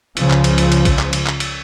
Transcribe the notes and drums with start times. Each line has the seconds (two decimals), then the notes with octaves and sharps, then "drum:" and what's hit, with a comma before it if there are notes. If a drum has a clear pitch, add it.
0.17 C#2 C#3 F3, drum: cymbal
0.30 drum: clap
0.44 drum: cymbal
0.58 drum: cymbal
0.72 drum: cymbal
0.85 drum: kick A#1, cymbal
0.99 drum: clap
1.13 drum: cymbal
1.27 drum: clap
1.40 drum: cymbal